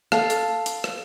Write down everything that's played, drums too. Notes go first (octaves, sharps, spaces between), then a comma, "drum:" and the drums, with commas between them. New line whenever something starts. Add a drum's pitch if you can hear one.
A4 F5, drum: rim click
drum: hi-hat
drum: hi-hat
drum: rim click